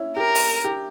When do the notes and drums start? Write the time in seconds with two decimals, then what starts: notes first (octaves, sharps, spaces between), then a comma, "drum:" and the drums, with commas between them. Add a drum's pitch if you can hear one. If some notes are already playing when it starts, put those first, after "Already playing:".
Already playing: C#4 E4
0.16 G4 A#4
0.35 drum: open hi-hat
0.64 G4